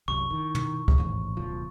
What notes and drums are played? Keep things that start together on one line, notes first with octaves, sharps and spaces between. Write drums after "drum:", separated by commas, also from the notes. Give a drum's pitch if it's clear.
C2 F#2 C#6
D#3 E4
drum: tom
drum: kick
A1 D#2 G#2
D1 B1 D#3 F3